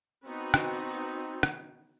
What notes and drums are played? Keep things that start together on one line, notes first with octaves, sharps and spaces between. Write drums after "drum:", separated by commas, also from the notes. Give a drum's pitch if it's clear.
B3 C4 D#4 F#4
drum: rim click
drum: rim click